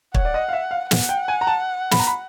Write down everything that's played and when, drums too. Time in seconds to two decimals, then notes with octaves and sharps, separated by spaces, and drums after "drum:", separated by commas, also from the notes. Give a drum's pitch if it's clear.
0.15 C#5 F#5, drum: kick
0.25 D5
0.34 D#5
0.48 F5
0.53 E5
0.71 F5
0.91 F#5, drum: snare
1.09 G5
1.28 G#5
1.41 A#5
1.47 A5
1.91 B5, drum: snare
1.99 A#5
2.07 B5